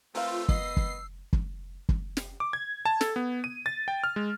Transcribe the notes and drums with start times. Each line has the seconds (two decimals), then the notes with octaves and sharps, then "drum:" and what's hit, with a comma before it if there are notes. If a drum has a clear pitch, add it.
0.15 A3 C4 F4 A#4 B4 F5 E6
0.49 B3 D#5 C7, drum: kick
0.77 drum: kick
1.33 drum: kick
1.89 drum: kick
2.17 drum: snare
2.40 D6
2.53 G#6
2.85 A5
3.01 A4, drum: snare
3.16 B3
3.44 D#7
3.66 A6
3.88 G5
4.04 F6
4.16 G#3